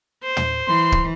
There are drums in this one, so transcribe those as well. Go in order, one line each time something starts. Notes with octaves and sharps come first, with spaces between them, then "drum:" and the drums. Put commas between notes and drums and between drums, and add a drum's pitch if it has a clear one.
C5
drum: tom
E3 C6
drum: kick D1